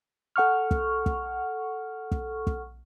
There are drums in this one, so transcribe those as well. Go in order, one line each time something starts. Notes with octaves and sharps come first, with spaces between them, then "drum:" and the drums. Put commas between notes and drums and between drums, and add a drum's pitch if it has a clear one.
A4 F#5 C#6 F6
drum: kick
drum: kick
drum: kick
drum: kick